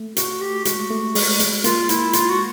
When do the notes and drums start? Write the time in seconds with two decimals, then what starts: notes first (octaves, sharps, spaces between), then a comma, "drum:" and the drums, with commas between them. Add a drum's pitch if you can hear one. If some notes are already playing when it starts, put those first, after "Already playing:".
Already playing: A3
0.17 F#4, drum: hi-hat
0.41 G4
0.65 G#3 F#4, drum: hi-hat
0.90 A3
1.15 G#3, drum: open hi-hat
1.40 G#3, drum: hi-hat
1.64 A#3 F4, drum: hi-hat
1.89 E4, drum: hi-hat
2.13 F4, drum: hi-hat
2.30 F#4